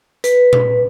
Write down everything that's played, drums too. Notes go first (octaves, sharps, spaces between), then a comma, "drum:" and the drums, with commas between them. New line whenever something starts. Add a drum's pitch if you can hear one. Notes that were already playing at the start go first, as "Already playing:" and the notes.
B4, drum: hi-hat
drum: tom A#2